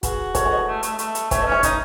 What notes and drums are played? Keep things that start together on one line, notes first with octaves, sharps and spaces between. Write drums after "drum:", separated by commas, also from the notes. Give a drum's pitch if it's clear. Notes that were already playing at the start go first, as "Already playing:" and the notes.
F#4 G#4 B4, drum: kick, hi-hat
A4 C#5, drum: kick, hi-hat
C#5
B4 D#5
A3
A3, drum: hi-hat
A3, drum: hi-hat
drum: hi-hat
A3 C#5 E5, drum: kick, hi-hat
B4 D#5
C#4
C#5 E5
D#4, drum: kick, hi-hat